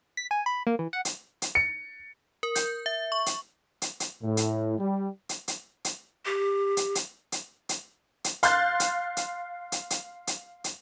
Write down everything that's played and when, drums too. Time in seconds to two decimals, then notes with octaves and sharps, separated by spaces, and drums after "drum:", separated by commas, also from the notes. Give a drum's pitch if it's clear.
0.17 B6
0.31 G#5
0.46 B5
0.67 A#3
0.79 E3
0.93 F#5
1.05 drum: hi-hat
1.42 drum: hi-hat
1.55 C#7
2.43 A#4
2.55 G6, drum: hi-hat
2.86 E5
3.12 C#6
3.26 drum: hi-hat
3.82 drum: hi-hat
4.00 drum: hi-hat
4.23 A2
4.37 drum: hi-hat
4.79 G3
5.29 drum: hi-hat
5.48 drum: hi-hat
5.85 drum: hi-hat
6.26 G4
6.77 drum: hi-hat
6.95 drum: hi-hat
7.32 drum: hi-hat
7.69 drum: hi-hat
8.24 drum: hi-hat
8.43 F5 C6 F#6 G6 A6, drum: hi-hat
8.80 drum: hi-hat
9.17 drum: hi-hat
9.72 drum: hi-hat
9.90 drum: hi-hat
10.27 drum: hi-hat
10.64 drum: hi-hat